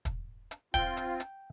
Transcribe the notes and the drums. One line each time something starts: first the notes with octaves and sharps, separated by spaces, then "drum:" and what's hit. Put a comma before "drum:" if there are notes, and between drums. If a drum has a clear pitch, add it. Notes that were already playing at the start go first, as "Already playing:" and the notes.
drum: kick, hi-hat
drum: hi-hat
C4 F4 G5, drum: kick, hi-hat
drum: hi-hat
drum: hi-hat